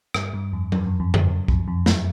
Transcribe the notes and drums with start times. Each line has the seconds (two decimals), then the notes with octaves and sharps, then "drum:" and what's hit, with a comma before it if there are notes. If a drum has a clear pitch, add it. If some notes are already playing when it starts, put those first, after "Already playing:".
0.14 G2, drum: rim click
0.34 G2
0.53 F2
0.72 F2, drum: tom F#3
0.86 F#2
1.00 F2
1.14 F2, drum: tom F2
1.28 F#2
1.48 F2, drum: kick
1.68 F2
1.86 F#2, drum: snare